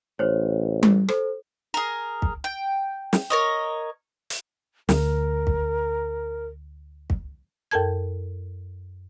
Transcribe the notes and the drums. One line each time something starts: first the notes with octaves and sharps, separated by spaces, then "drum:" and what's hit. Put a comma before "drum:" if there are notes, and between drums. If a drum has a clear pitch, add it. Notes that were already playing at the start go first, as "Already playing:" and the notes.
A1 C5 C#5
drum: tom G3
A4 C5, drum: rim click
G#4 A#4
drum: kick
G5
drum: snare
A#4 C#5 D#5
drum: hi-hat
D2 A#4, drum: snare
drum: kick
drum: kick
F#2 A4 A#4 A5 G#6